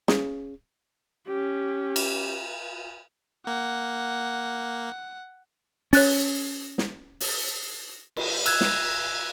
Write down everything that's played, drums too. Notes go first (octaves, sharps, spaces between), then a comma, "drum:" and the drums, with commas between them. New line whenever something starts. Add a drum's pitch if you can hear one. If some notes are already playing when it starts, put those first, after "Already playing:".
C#3, drum: snare
C#4 G4
drum: cymbal
A#3 F#5
C#4 C#5 F#6 A6, drum: open hi-hat
drum: snare
drum: open hi-hat
drum: cymbal
E6 F#6 G#6, drum: cymbal
drum: snare